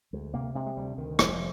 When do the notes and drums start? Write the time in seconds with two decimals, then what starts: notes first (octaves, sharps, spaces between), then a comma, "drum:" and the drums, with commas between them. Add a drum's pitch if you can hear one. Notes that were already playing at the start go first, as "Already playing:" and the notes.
0.13 D2 G#3
0.34 C3 A#3
0.55 C3 G#3
0.66 G#3
0.77 D2 G3
0.98 D2 D#3
1.19 F1 F3, drum: rim click